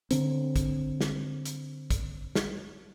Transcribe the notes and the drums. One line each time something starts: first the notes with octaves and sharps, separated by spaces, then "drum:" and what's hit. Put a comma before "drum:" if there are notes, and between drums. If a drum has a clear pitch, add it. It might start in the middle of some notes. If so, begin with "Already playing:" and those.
D3 C4, drum: hi-hat
drum: kick, hi-hat
drum: snare
drum: hi-hat
drum: kick, hi-hat
drum: snare